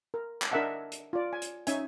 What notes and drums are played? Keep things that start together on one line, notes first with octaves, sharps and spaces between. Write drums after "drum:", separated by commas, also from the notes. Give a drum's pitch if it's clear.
A#4
drum: clap
D4 A#4 D#5 E5 F#5 A5
drum: hi-hat
F4 D5
G#5
drum: hi-hat
C#4 D#4 E5 G#5, drum: hi-hat